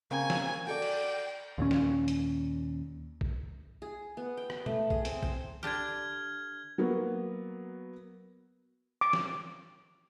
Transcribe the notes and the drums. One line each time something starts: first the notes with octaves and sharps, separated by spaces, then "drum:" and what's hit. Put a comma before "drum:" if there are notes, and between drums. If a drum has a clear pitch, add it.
C#3 A#3 C4 G#5
drum: snare
F#4 A4 D5 G5
drum: cymbal
D#2 A#2 C#4
drum: snare
drum: hi-hat
drum: kick
G#4
B3
G5
G5, drum: rim click
A3, drum: tom
G#4, drum: kick
C4, drum: hi-hat
C5, drum: kick
D3 D4 G4 F6 G#6
F#3 A#3 B3 F#4
D6
drum: snare